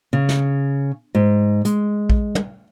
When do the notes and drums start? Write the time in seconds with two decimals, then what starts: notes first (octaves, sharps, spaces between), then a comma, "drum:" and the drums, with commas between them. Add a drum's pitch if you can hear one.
0.13 C#3
0.29 drum: snare
1.15 G#2
1.65 G#3, drum: hi-hat
2.10 drum: kick A#1
2.35 drum: tom